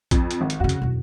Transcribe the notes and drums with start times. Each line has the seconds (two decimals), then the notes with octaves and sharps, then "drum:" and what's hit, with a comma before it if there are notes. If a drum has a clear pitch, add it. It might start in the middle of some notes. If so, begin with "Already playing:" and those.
0.11 F2, drum: kick A#1, hi-hat
0.31 drum: hi-hat
0.41 G#1
0.50 drum: hi-hat
0.60 F2 C#3 F#4
0.69 drum: hi-hat
0.82 E1 F#2